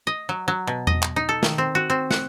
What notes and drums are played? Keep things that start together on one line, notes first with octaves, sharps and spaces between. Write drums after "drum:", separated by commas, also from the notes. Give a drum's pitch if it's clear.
D#5
F#3
F#3
B2
D#5, drum: tom E2
drum: clap
D#4
A4
D#3, drum: snare
C4
F#4
C4
F#5, drum: snare